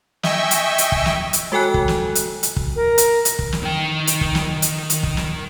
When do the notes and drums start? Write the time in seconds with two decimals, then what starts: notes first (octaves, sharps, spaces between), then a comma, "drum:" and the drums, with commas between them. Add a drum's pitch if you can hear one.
0.23 D#5 E5 G5 G#5 C#6 E6, drum: snare
0.51 drum: hi-hat
0.78 drum: hi-hat
0.92 drum: kick
1.06 drum: snare
1.33 drum: hi-hat
1.52 G#3 F#4 A4 G5 G#5 F#6
1.74 drum: kick
1.88 drum: snare
2.15 drum: hi-hat
2.43 drum: hi-hat
2.56 drum: kick
2.76 A#4
2.98 drum: hi-hat
3.25 drum: hi-hat
3.39 drum: kick
3.52 drum: snare
3.63 D#3 G5
4.07 drum: hi-hat
4.21 drum: kick
4.35 drum: snare
4.62 drum: hi-hat
4.90 drum: hi-hat
5.03 drum: kick
5.17 drum: snare